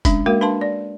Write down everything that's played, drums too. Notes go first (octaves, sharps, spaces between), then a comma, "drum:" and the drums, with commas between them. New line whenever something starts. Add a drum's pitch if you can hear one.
G#3 C#4 D4, drum: kick, hi-hat
G#3 A#3 F#4 A#4 F5
D4 B4 F5 A5 C6
D5